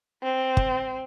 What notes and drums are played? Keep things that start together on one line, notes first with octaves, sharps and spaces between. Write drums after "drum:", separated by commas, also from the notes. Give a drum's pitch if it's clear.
C4
drum: kick